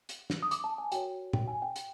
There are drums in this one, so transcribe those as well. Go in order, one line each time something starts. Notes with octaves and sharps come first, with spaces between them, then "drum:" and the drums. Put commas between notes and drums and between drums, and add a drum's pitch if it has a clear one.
drum: hi-hat
drum: snare
D#6
D6, drum: hi-hat
A5
G#5
F#4 A#4 C#5 G5, drum: hi-hat
G5, drum: tom
G#5
G5
drum: hi-hat